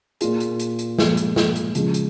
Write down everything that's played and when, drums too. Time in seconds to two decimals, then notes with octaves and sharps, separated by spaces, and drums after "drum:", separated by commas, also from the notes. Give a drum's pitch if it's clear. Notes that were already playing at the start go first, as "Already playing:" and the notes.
0.21 A#2 A#3 F4 G#4, drum: hi-hat
0.40 drum: hi-hat
0.60 drum: hi-hat
0.79 drum: hi-hat
0.99 A#2 F3 G#3, drum: snare
1.17 drum: hi-hat
1.36 drum: snare
1.56 drum: hi-hat
1.75 C#3 F3 G#3, drum: hi-hat
1.94 drum: hi-hat